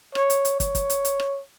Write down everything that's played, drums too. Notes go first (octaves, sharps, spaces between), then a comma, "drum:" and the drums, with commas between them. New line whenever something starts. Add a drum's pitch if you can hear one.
C#5, drum: rim click
drum: hi-hat
drum: hi-hat
C#5, drum: kick, hi-hat
drum: kick, hi-hat
drum: hi-hat
drum: hi-hat
drum: rim click